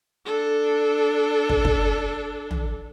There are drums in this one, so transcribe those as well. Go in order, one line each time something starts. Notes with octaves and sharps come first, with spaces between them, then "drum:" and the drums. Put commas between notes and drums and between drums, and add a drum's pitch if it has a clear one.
D4 A4
drum: kick
drum: kick
drum: tom